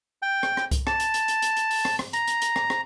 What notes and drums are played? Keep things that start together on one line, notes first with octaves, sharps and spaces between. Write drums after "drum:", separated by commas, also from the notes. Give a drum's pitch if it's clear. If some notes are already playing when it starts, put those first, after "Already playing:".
G5
drum: rim click
drum: rim click
drum: kick C2, hi-hat
A5, drum: rim click
drum: hi-hat
drum: hi-hat
drum: hi-hat
drum: hi-hat
drum: hi-hat
drum: open hi-hat
drum: rim click
drum: rim click
A#5, drum: hi-hat
drum: hi-hat
drum: hi-hat
drum: rim click
drum: rim click